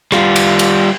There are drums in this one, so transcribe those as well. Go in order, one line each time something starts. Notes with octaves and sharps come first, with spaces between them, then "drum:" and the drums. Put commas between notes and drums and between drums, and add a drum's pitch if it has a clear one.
G3 F4, drum: rim click
drum: cymbal
drum: cymbal